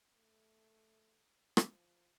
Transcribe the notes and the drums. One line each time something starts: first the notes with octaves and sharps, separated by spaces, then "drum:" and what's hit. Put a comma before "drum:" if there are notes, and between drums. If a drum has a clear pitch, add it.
A3
F3, drum: rim click